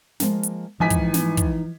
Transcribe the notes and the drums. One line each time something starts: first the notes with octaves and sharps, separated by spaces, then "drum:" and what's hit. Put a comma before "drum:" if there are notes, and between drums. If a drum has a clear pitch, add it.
F3 G#3 A#3, drum: snare
drum: hi-hat
G#1 E3 F3 D#4 G#5 B6
drum: kick, hi-hat
drum: snare
drum: kick, hi-hat